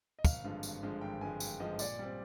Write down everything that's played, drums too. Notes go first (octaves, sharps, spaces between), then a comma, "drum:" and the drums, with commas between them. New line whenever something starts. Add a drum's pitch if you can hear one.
D#5
G#1 F5, drum: kick, tambourine
G2 D3 F3 G#3
G#1, drum: tambourine
G2 D3 F3 G#3
G#1 G5
G2 D3 F3 G#3 G#5
G#1 G5, drum: tambourine
G2 D3 F3 G#3 D#5
A#2 D5, drum: tambourine
G3 C4